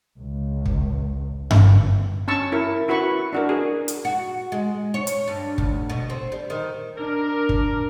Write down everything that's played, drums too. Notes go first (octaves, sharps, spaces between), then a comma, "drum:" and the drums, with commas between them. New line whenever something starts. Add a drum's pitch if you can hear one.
C#2
drum: kick
G1, drum: tom G2
C#4 A5 C#6 E6
E4 A#4
E4 F#4 B4 B5 C#6
D4 F#4 A#4
G#4
drum: hi-hat
F#4
G#3
C#5
drum: hi-hat
G2
D2, drum: kick
B2
C4
G3
D#3
D4 A#4
drum: kick